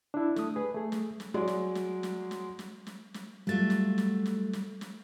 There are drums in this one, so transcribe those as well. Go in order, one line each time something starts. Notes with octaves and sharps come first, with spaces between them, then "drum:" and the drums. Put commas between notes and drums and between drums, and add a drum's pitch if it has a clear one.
D4 E4
A3 D#6, drum: snare
G#4 B4
A3 G#4
drum: snare
drum: snare
F#3 G#3 D5
drum: snare
drum: snare
drum: snare
drum: snare
drum: snare
drum: snare
drum: snare
F#3 G3 A3 F4 A6
drum: snare
drum: snare
drum: snare
drum: snare
drum: snare